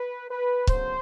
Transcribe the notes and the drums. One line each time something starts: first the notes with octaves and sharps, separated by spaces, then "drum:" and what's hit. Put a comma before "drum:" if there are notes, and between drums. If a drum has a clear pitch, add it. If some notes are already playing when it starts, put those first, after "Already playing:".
Already playing: B4
B4
D2 C#3 F#3 B3 C5, drum: kick C#1